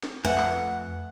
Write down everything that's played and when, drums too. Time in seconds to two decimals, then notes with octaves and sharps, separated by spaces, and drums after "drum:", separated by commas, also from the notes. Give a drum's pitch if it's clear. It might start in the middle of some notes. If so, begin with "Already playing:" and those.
0.03 drum: snare
0.25 F2 A3 B4 E5 F#5 G#5, drum: snare
0.38 drum: clap